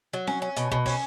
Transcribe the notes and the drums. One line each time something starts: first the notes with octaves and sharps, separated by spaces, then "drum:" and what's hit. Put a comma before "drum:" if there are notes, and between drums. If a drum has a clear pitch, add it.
F#3
C#4, drum: snare C4
C#4
B2, drum: hi-hat
B2, drum: kick
C#4, drum: kick, open hi-hat